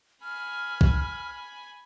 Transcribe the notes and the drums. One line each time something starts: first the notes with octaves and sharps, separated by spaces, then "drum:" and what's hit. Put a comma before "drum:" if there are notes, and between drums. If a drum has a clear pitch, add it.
G#5 B5 F6
drum: kick A#1